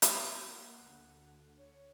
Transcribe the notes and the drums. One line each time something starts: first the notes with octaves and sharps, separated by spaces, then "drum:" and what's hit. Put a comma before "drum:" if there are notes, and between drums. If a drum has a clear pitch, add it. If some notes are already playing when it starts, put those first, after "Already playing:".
drum: hi-hat
A#3 F#5
D2 D3
C#5